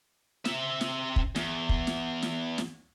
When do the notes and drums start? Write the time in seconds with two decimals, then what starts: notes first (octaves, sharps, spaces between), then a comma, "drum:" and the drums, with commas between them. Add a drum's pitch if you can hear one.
0.45 C4 E5, drum: snare
0.81 drum: snare
1.16 drum: kick
1.36 E2, drum: snare
1.69 drum: kick
1.87 drum: snare
2.22 drum: snare
2.58 drum: snare